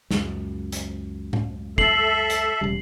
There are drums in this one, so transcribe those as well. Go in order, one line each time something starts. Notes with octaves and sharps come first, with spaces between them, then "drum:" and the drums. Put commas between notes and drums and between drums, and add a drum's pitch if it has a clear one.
C#2 F#2, drum: snare
drum: hi-hat
drum: tom A2
A4 E5 C7 F#7, drum: kick
drum: hi-hat
E1 C#3 G3